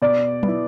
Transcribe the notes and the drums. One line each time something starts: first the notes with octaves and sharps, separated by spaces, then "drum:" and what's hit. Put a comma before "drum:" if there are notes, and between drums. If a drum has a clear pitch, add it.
B2 D5
B3 E4, drum: tom F#3